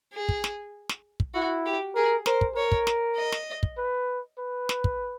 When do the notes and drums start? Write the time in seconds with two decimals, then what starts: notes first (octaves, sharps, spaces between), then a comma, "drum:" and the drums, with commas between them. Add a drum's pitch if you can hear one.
0.14 G#4
0.29 drum: kick
0.44 drum: snare
0.89 drum: snare
1.20 drum: kick
1.34 E4 F#4
1.66 G4
1.95 G#4 A#4
2.26 A#4 C5, drum: snare
2.41 drum: kick
2.56 A#4 C#5
2.72 drum: kick
2.87 drum: snare
3.17 D#5
3.32 drum: snare
3.63 drum: kick
3.78 B4
4.38 B4
4.69 drum: snare
4.84 drum: kick